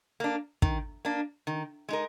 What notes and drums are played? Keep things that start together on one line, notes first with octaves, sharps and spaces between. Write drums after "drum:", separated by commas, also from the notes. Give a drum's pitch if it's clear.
A#3 D4
D#3, drum: kick
A#3 D4
D#3
G#3 D#4 A#4